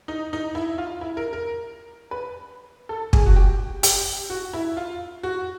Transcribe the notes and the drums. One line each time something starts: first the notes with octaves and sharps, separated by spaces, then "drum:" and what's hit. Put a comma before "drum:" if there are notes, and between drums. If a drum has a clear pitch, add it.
D#4
D#4
E4
F4
E4
A#4
A#4
B4
A4
G#4, drum: kick
F#4
G4
G4, drum: hi-hat
F#4
E4
F4
F#4